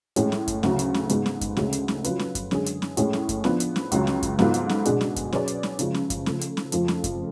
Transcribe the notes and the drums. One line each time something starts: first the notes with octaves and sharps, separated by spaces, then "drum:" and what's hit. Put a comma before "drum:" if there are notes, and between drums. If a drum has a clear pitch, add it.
A2 G#3 C#4, drum: hi-hat
drum: snare C#4
drum: kick F#2, hi-hat
D2 C#3 F#3, drum: snare C#4
drum: hi-hat
drum: snare C#4
G#2 G#3 B3, drum: hi-hat
drum: snare C#4
drum: kick F#2, hi-hat
D2 C#3 G#3 C#4, drum: snare C#4
drum: hi-hat
drum: snare C#4
F#3 C#4 F4 B4, drum: hi-hat
drum: snare C#4
drum: kick F#2, hi-hat
F#2 D3 G#3 C#4 G#4, drum: snare C#4
drum: hi-hat
drum: snare C#4
A2 G#3 C#4 G#4, drum: hi-hat
drum: snare C#4
drum: kick F#2, hi-hat
F3 B3 D4 F4, drum: snare C#4
drum: hi-hat
drum: snare C#4
C#2 C#3 F#3, drum: hi-hat
drum: snare C#4
drum: kick F#2, hi-hat
G#2 F#3 B3 F4 A4, drum: snare C#4
drum: hi-hat
drum: snare C#4
B2 G#3 D4 G#4, drum: hi-hat
drum: snare C#4
drum: kick F#2, hi-hat
F#3 C#4 G#4 B4 D5, drum: snare C#4
drum: hi-hat
drum: snare C#4
C#3 F3 G#3, drum: hi-hat
drum: snare C#4
drum: kick F#2, hi-hat
C#3 F3 A3, drum: snare C#4
drum: hi-hat
drum: snare C#4
F2 C#3 F3 A3 F4, drum: hi-hat
drum: snare C#4
drum: kick F#2, hi-hat